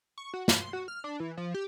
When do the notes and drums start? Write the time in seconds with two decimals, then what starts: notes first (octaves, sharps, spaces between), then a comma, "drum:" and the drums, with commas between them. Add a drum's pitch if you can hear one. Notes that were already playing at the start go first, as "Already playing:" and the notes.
0.18 C#6
0.34 F#4
0.48 B5, drum: snare
0.61 C6
0.73 F#4
0.88 F6
1.04 D4
1.20 E3
1.37 F3
1.54 G4